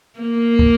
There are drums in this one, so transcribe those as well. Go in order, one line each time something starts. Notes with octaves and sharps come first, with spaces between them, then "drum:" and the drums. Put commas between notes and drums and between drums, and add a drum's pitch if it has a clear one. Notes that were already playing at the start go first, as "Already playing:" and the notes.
A#3
drum: kick